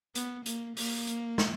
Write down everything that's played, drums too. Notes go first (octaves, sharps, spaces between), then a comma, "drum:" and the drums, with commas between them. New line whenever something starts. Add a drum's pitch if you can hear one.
B3, drum: hi-hat
A#3, drum: hi-hat
A#3, drum: open hi-hat
drum: hi-hat
drum: snare